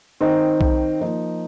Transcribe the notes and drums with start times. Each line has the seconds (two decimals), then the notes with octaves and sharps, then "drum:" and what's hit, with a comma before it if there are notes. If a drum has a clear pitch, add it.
0.21 D#3 C4 D#4
0.61 drum: kick B1
1.01 F3 A#3 D#4